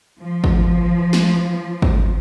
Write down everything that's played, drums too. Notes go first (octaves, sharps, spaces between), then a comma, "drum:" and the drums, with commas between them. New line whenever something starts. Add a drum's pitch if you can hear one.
F3
drum: kick
drum: snare
drum: kick